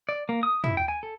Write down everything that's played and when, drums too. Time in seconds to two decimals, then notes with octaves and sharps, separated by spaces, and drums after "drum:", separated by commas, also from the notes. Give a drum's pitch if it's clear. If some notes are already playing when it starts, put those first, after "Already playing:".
0.09 D5
0.29 A#3
0.43 D#6
0.64 E4, drum: tom
0.77 G5
0.88 G#5
1.03 A4